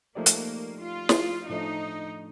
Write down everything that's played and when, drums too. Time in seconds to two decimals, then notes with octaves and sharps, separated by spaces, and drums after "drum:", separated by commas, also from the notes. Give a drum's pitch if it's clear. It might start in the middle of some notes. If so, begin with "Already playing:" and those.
0.15 F3 A3 A#3 D#4 G4 D5
0.26 drum: hi-hat
0.83 F4
1.09 drum: snare
1.50 A2 F3 A3 D4 D#4